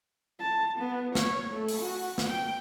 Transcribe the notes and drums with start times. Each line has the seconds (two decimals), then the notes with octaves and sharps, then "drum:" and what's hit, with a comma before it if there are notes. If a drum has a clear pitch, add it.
0.40 A5
0.78 B3
1.15 C#5, drum: snare
1.53 A3
1.69 drum: open hi-hat
1.82 F#4
2.18 drum: snare
2.28 G5